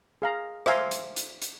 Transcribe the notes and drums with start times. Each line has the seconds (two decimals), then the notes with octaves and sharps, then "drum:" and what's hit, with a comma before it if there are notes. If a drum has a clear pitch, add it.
0.22 G#4 F5 A#5
0.66 C5 E5 F5 G#5 A#5 C6, drum: rim click
0.91 drum: hi-hat
1.16 drum: hi-hat
1.42 drum: hi-hat